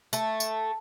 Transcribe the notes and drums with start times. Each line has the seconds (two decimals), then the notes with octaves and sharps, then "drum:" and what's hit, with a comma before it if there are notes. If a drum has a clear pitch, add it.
0.13 A3, drum: tambourine
0.40 drum: tambourine